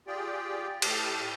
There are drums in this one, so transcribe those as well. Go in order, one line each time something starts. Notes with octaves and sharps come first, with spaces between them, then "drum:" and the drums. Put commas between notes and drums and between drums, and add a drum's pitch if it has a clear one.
F4 G4 G#4 D5 G5
A2 G4 A4 F6, drum: cymbal